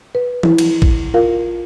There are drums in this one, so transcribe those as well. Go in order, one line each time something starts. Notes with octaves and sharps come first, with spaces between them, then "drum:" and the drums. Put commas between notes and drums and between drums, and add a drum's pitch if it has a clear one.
B4
E4, drum: tom E3
drum: cymbal
drum: kick A1
F4 A#4 F5